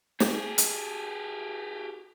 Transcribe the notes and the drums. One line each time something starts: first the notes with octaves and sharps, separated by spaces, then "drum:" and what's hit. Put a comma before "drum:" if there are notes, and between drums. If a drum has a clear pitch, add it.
G4 G#4, drum: snare
drum: hi-hat